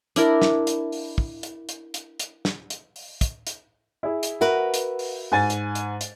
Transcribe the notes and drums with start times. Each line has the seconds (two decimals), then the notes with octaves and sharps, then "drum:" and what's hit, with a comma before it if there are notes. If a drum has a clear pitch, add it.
0.16 D4 E4 A#4, drum: hi-hat
0.42 drum: snare
0.67 drum: hi-hat
0.92 drum: open hi-hat
1.18 drum: kick
1.43 drum: hi-hat
1.69 drum: hi-hat
1.94 drum: hi-hat
2.19 drum: hi-hat
2.45 drum: snare
2.70 drum: hi-hat
2.96 drum: open hi-hat
3.21 drum: kick, hi-hat
3.47 drum: hi-hat
4.03 E4 G#4
4.23 drum: hi-hat
4.41 F#4 A#4 B4 E5
4.74 drum: hi-hat
4.99 drum: open hi-hat
5.32 G#2 G#5 A6
5.50 drum: hi-hat
5.75 drum: hi-hat
6.01 drum: hi-hat